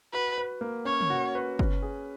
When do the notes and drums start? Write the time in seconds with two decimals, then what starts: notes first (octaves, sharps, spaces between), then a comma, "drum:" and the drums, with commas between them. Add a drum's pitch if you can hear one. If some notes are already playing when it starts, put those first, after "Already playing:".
0.13 F#4 B4
0.38 B4
0.61 A#3
0.85 C#4 C#5
1.01 drum: tom
1.10 F#4
1.35 B4
1.59 C#4, drum: kick G1
1.82 G#4